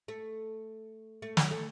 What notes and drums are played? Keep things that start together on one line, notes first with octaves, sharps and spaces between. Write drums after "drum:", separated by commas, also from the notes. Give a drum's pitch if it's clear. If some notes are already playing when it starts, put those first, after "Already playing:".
A3
A3
F#3, drum: snare
A3